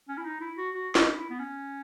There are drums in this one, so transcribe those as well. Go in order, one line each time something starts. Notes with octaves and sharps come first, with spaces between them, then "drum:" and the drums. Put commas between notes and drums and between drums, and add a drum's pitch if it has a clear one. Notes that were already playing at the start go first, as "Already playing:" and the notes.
C#4
E4
D#4
E4
F#4
F#4
E4, drum: snare
E4
B3
C#4